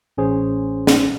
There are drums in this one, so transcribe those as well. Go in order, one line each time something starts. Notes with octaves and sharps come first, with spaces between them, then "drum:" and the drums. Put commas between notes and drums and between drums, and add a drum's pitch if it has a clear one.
A1 C#4 G#4 C5
drum: snare